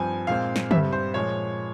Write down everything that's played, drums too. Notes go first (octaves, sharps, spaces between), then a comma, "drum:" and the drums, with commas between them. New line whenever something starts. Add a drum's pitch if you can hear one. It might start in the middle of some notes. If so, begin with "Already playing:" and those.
Already playing: G2 F3 C4 G#5
A#2 G#3 C4 F5
drum: snare
G2 G3 C4 E5, drum: tom
C5
A#2 F3 G#3 C#5